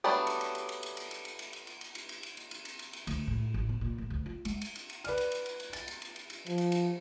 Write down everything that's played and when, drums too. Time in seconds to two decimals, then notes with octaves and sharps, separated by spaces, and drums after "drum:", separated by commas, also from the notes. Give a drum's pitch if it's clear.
0.04 F#3 G3 A3 B3 D4
0.27 drum: cymbal
0.41 drum: cymbal
0.55 drum: cymbal
0.69 drum: cymbal
0.83 drum: cymbal
0.97 drum: cymbal
1.11 drum: cymbal
1.25 drum: cymbal
1.39 drum: cymbal
1.53 drum: cymbal
1.67 drum: cymbal
1.81 drum: cymbal
1.95 drum: cymbal
2.09 drum: cymbal
2.23 drum: cymbal
2.37 drum: cymbal
2.51 drum: cymbal
2.65 drum: cymbal
2.79 drum: cymbal
2.93 drum: cymbal
3.07 D2, drum: cymbal
3.27 A2
3.54 A1
3.69 B2
3.81 A#2
3.98 A2
4.10 D2
4.26 F4
4.45 G#3, drum: cymbal
4.61 drum: cymbal
4.75 drum: cymbal
4.90 drum: cymbal
5.04 B4 D5 F6, drum: cymbal
5.18 drum: cymbal
5.32 drum: cymbal
5.46 drum: cymbal
5.60 drum: cymbal
5.73 A6, drum: cymbal
5.88 drum: cymbal
6.02 drum: cymbal
6.16 drum: cymbal
6.30 drum: cymbal
6.46 F3, drum: cymbal
6.58 drum: cymbal
6.72 drum: cymbal